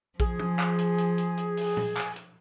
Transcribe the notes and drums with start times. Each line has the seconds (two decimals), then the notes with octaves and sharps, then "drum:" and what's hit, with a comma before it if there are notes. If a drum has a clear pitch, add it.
0.20 F3 G#4, drum: kick A#1, hi-hat
0.39 drum: tom
0.59 drum: clap
0.79 drum: hi-hat
0.98 drum: hi-hat
1.18 drum: hi-hat
1.37 drum: hi-hat
1.57 drum: open hi-hat
1.77 drum: tom A#2
1.96 drum: clap
2.16 drum: hi-hat